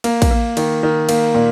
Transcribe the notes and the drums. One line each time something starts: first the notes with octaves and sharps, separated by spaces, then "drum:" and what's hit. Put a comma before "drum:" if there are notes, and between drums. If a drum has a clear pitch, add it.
A#3, drum: cymbal
drum: kick, cymbal
A#3
D#3, drum: cymbal
D#3
A#3, drum: cymbal
A#2